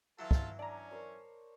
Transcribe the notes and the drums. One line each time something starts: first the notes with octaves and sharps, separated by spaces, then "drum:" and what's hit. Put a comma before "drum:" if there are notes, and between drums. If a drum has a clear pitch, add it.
E3 F#3 F4 A4
drum: kick
C#4 D4 D5 A#5
A#4 C5 C#5